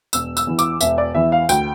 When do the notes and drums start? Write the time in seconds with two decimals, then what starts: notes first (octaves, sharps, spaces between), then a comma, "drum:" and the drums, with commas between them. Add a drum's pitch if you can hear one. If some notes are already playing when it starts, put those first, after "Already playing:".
0.13 E1 E6, drum: tambourine
0.37 E6, drum: tambourine
0.47 E2 E3
0.59 D6, drum: tambourine
0.81 E1 E5, drum: tambourine
0.98 D5
1.14 E2 E3 E5
1.32 F5
1.49 D2 G5, drum: tambourine